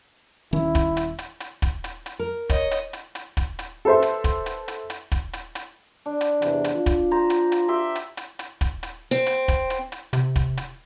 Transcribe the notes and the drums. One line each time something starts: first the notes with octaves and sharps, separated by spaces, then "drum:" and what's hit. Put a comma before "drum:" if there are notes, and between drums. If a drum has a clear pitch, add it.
D#1 D#3 C#4 E4
drum: kick, hi-hat
drum: hi-hat
drum: hi-hat
drum: hi-hat
drum: kick, hi-hat
drum: hi-hat
drum: hi-hat
A#4
C#5 D#5, drum: kick, hi-hat
drum: hi-hat
drum: hi-hat
drum: hi-hat
drum: kick, hi-hat
drum: hi-hat
A4 B4 C5 E5 C6
drum: hi-hat
drum: kick, hi-hat
drum: hi-hat
drum: hi-hat
drum: hi-hat
drum: kick, hi-hat
drum: hi-hat
drum: hi-hat
D4
drum: hi-hat
E2 C3 E3, drum: hi-hat
drum: hi-hat
F4
drum: kick, hi-hat
C5 A#5
drum: hi-hat
drum: hi-hat
G4 E5 C6
drum: hi-hat
drum: hi-hat
drum: hi-hat
drum: kick, hi-hat
drum: hi-hat
C4
drum: hi-hat
drum: kick, hi-hat
drum: hi-hat
drum: hi-hat
C3, drum: hi-hat
drum: kick, hi-hat
drum: hi-hat